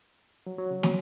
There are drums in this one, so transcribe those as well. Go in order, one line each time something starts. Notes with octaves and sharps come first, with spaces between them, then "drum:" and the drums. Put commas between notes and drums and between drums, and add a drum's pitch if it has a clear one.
F#3
F#3
C#3
F#3, drum: snare